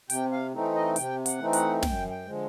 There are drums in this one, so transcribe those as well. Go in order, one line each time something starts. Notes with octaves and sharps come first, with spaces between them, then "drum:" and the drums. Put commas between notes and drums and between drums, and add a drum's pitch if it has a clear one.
C3 G5, drum: hi-hat
F5
E3 A3 C4 D#4
D#5
C3 G5, drum: hi-hat
F#5, drum: hi-hat
E3 A3 C4 D#4
F#5, drum: hi-hat
F#2 G5, drum: snare
G5
D3 F3 G#3